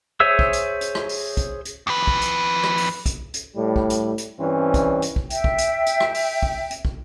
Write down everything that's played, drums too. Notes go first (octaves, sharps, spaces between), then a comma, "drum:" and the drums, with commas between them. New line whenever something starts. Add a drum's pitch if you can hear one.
G#4 C5 C#5 E5 E6
drum: kick
drum: hi-hat
drum: hi-hat
drum: rim click
drum: open hi-hat
drum: kick, hi-hat
drum: hi-hat
F2 B4
drum: kick
drum: hi-hat
drum: rim click
drum: open hi-hat
drum: kick, hi-hat
drum: hi-hat
A2 G3
drum: kick
drum: hi-hat
drum: hi-hat
G2 E3 C4 C#4
drum: kick, hi-hat
drum: hi-hat
drum: kick
E5 G5, drum: hi-hat
drum: kick
drum: hi-hat
drum: hi-hat
drum: rim click
drum: open hi-hat
drum: kick
drum: hi-hat
drum: kick